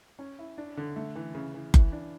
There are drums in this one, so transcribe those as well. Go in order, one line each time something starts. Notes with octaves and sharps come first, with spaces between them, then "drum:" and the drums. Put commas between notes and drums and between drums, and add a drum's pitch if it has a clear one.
C#4
E4
D4
D3
A3
E3
C#3
E3
E3, drum: kick F#1
D4